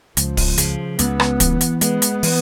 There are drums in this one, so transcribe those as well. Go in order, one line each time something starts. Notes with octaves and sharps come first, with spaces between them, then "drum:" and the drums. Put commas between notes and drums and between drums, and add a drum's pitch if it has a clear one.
C#2 F3, drum: hi-hat
drum: kick, open hi-hat
C#3, drum: hi-hat
C#2 B3, drum: hi-hat
drum: rim click
E3, drum: kick, hi-hat
drum: hi-hat
G#3 B3, drum: hi-hat
drum: hi-hat
E3, drum: open hi-hat